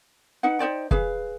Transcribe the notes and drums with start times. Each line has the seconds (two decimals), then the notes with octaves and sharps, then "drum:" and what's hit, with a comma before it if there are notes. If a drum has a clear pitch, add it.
0.43 D#4 B4 F#5
0.59 D#4 C5 D5 G5
0.91 G#4 B4 F5, drum: kick